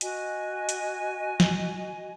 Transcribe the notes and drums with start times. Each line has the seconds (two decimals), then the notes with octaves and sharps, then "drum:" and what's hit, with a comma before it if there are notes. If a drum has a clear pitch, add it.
0.01 F#4 D#5 G#5, drum: hi-hat
0.69 drum: hi-hat
1.40 drum: snare